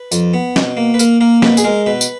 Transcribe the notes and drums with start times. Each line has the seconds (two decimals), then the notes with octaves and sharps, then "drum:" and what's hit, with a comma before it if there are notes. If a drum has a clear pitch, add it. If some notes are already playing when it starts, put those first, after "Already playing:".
Already playing: B4
0.12 F2, drum: tambourine
0.34 B3
0.56 B2, drum: snare
0.77 A#3
0.94 B4
0.99 A#3 A#4, drum: tambourine
1.21 A#3 A#4
1.42 B2 B4, drum: snare
1.57 G#4, drum: tambourine
1.64 G#3 A#4
1.86 B2 B4
2.01 drum: tambourine